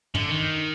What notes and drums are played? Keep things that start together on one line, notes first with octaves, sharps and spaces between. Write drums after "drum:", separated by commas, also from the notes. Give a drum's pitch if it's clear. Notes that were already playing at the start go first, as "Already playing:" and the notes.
D3, drum: tom
D#3